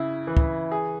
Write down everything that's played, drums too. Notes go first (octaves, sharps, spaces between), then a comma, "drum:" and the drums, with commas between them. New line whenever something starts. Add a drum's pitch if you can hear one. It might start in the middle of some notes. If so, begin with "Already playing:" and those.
Already playing: C#3 E4
E3
drum: kick
G#4